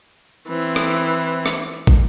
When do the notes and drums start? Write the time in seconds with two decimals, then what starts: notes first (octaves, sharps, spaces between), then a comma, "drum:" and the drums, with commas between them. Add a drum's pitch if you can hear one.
0.48 E3 C4
0.62 drum: tambourine
0.76 drum: rim click
0.90 drum: tambourine
1.18 drum: tambourine
1.46 drum: rim click
1.73 drum: tambourine
1.87 drum: kick